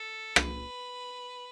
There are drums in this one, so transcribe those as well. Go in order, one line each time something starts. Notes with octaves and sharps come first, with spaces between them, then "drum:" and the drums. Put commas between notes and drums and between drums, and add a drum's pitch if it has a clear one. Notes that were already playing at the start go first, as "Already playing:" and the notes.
Already playing: A4
B4, drum: rim click